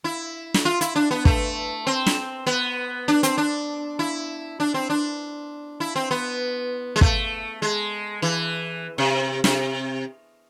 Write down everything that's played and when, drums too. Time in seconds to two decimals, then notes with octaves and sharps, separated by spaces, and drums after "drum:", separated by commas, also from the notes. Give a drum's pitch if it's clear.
0.04 E4
0.54 drum: snare
0.65 F4
0.81 E4, drum: hi-hat
0.96 D4
1.11 B3
1.25 A3, drum: kick
1.87 C4
2.06 drum: snare
2.47 B3
3.08 D4
3.23 C4, drum: hi-hat
3.38 D4
3.99 E4
4.60 D4
4.74 C4
4.90 D4
5.80 E4
5.96 C4
6.11 B3
6.96 G#3
7.01 A3, drum: kick
7.62 G#3
8.22 E3
8.98 C3
9.44 C3, drum: snare